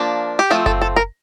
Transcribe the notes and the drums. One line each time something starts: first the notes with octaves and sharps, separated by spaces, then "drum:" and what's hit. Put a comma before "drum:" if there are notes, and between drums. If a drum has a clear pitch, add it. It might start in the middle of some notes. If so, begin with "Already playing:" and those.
Already playing: F3 A#3 D4
G4
F3 A3 C4 F4
A4, drum: kick F#1
A4
A#4